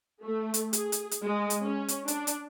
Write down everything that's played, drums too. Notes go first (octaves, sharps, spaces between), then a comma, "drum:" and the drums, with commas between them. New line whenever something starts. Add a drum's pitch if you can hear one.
A3
drum: hi-hat
G#4, drum: hi-hat
drum: hi-hat
drum: hi-hat
G#3
drum: hi-hat
C#4
drum: hi-hat
D4, drum: hi-hat
drum: hi-hat